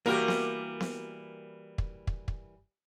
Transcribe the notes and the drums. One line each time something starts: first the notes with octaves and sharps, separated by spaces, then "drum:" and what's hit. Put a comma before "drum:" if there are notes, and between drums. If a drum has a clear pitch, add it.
E3 G3 A#3 F#4 G4 A#4
drum: snare B3
drum: snare B3
drum: kick
drum: kick
drum: kick